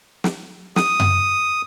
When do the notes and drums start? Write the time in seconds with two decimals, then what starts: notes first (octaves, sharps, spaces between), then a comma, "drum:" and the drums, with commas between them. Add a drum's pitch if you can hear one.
0.24 drum: snare
0.76 D#6, drum: snare
1.00 drum: tom F#2